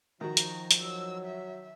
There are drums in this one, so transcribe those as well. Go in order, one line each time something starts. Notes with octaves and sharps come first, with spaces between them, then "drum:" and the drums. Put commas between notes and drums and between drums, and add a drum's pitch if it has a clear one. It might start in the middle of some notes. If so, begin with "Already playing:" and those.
D#3 F3 D#4 F#4 A#5
drum: hi-hat
drum: hi-hat
F#3 E6
E5